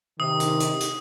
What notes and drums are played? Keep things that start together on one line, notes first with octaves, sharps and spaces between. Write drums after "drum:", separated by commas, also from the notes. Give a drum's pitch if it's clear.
C3 D#3 D#6
drum: hi-hat
drum: hi-hat
drum: hi-hat